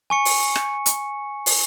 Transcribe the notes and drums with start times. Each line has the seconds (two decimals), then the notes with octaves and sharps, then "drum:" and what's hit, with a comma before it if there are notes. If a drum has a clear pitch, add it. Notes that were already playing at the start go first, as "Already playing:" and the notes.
0.10 G#5 C#6 C#7
0.25 drum: open hi-hat
0.55 drum: rim click
0.86 drum: hi-hat
1.46 drum: open hi-hat